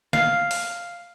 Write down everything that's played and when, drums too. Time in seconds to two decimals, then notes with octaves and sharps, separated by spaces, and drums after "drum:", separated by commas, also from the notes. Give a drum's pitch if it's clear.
0.13 F5, drum: snare
0.51 drum: open hi-hat